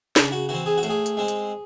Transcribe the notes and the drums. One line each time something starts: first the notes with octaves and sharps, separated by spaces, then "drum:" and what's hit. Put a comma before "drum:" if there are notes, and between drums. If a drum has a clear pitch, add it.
C#3 G#4, drum: snare
F#4
E3 C4 F#4
G#4
F#4
A2, drum: hi-hat
G#4
drum: hi-hat
G#3 C4
drum: hi-hat